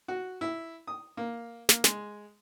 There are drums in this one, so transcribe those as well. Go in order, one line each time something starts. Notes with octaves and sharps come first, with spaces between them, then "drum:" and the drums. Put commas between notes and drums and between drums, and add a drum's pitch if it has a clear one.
F#4
E4
D#6
A#3
A#3, drum: snare
G#3, drum: snare